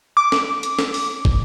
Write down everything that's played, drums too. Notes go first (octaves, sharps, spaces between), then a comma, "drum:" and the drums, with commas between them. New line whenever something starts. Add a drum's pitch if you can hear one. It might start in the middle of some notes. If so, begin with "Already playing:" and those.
D6
drum: snare
drum: hi-hat
drum: snare
drum: open hi-hat
drum: kick